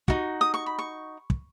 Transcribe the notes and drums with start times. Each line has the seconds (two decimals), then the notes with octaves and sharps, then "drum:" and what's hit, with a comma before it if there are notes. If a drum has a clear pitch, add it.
0.08 D#4 F#4, drum: kick
0.41 D#6
0.54 C#6
0.66 B5
0.79 C#6
1.30 drum: kick